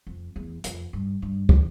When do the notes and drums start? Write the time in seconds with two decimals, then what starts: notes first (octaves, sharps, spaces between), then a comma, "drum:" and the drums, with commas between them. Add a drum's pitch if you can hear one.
0.07 F2
0.36 E2
0.64 F2, drum: hi-hat
0.93 G2
1.22 G2
1.49 drum: kick